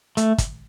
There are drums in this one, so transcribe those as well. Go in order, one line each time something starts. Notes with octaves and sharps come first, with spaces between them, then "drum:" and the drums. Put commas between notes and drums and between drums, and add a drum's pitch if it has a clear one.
A3, drum: hi-hat
drum: kick, hi-hat